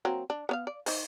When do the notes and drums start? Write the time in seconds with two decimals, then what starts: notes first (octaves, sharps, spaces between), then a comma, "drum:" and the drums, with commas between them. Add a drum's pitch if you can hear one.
0.05 F#3 A#3 C4
0.30 D4
0.49 B3 C#5 F5
0.67 D5
0.86 D#4 C5, drum: open hi-hat